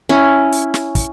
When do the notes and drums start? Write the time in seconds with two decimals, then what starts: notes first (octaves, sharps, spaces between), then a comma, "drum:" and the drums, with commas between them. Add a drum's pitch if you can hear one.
0.09 C#4 E4
0.52 drum: hi-hat
0.74 drum: snare
0.95 drum: kick, hi-hat